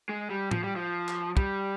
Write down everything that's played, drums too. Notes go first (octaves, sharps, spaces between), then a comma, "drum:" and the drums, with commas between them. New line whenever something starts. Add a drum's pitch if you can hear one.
G#3
G3
F3, drum: tom A2
G3
F3
drum: clap
G3, drum: kick